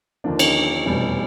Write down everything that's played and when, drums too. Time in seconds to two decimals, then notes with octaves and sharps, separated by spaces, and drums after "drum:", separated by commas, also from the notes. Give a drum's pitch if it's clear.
0.24 D#2 D3 F3 A#3 D4
0.39 C#4 D#4, drum: cymbal
0.85 F1 E2 B2 G3